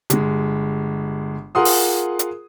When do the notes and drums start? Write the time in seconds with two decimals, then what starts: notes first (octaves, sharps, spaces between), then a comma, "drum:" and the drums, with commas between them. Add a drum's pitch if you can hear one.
0.10 G1 G#3, drum: hi-hat
1.55 F4 G#4 A#4 F#5 C6 D#6
1.65 drum: open hi-hat
2.19 drum: hi-hat